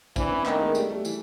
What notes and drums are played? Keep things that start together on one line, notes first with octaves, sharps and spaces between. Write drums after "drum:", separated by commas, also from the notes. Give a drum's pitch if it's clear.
E3 C4 D4, drum: kick A#1, tambourine
B3 C#4
D#3 A3 B3, drum: clap
G#3 A#3
G3 A3, drum: tambourine
G3 A3
E3, drum: tambourine